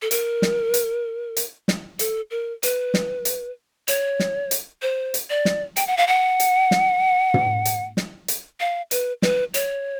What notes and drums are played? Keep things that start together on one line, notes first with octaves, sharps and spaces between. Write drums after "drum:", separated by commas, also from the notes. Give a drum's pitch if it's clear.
A4
A#4, drum: hi-hat
drum: snare
drum: hi-hat
drum: hi-hat
drum: snare
A4, drum: hi-hat
A#4
B4, drum: hi-hat
drum: snare
drum: hi-hat
C#5, drum: hi-hat
drum: snare
drum: hi-hat
C5
drum: hi-hat
D5
drum: snare
G5, drum: hi-hat
F#5
F5
F#5
drum: hi-hat
drum: snare
drum: tom
drum: hi-hat
drum: snare
drum: hi-hat
F5
B4, drum: hi-hat
B4, drum: snare
C#5, drum: hi-hat